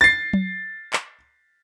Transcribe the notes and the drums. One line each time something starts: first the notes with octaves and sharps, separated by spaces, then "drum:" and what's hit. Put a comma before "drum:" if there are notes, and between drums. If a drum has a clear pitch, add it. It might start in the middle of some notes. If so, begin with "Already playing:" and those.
A6 C7
drum: tom F#3
drum: clap